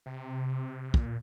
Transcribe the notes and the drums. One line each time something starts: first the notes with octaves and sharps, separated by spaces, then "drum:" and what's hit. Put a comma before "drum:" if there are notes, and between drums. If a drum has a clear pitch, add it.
C3
A#2, drum: kick